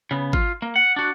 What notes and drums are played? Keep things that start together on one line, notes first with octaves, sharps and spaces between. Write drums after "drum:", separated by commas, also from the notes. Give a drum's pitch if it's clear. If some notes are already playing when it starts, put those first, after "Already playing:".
C#3 B3
F4, drum: kick G#1
A#3
F#5
D4 F#4